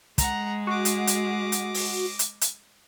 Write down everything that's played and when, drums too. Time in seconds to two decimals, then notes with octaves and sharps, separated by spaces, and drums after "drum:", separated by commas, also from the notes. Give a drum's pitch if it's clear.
0.18 G#3 F#5 A#5, drum: kick, hi-hat
0.67 F#4 D#5 D6
0.85 drum: hi-hat
1.07 drum: hi-hat
1.52 drum: hi-hat
1.74 drum: open hi-hat
2.19 drum: hi-hat
2.41 drum: hi-hat